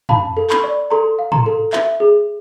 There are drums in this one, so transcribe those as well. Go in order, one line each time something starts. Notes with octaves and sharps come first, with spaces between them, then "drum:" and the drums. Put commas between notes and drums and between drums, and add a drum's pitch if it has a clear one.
F5 A5 B5, drum: tom
A4
B5 C#6, drum: clap
D5
A4 A#5 C6
F5
A#5 C6, drum: tom
A4
E5, drum: clap
G#4